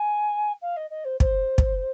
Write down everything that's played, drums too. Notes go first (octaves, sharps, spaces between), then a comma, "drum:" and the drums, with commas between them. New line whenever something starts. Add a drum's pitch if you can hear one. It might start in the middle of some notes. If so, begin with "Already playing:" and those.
Already playing: G#5
F5
D#5
D#5
C5
C5, drum: kick
drum: kick